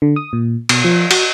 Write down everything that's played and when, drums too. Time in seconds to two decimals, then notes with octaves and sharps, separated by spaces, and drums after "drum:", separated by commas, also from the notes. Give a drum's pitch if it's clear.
0.02 D3
0.16 D#6
0.33 A#2
0.69 B2, drum: cymbal
0.84 F3
1.11 F#4, drum: cymbal